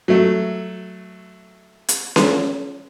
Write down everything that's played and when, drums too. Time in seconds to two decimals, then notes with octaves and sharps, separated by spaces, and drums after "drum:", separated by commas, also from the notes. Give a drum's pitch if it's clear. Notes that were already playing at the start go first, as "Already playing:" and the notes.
0.08 F#3 A3
1.89 drum: hi-hat
2.16 drum: snare C#4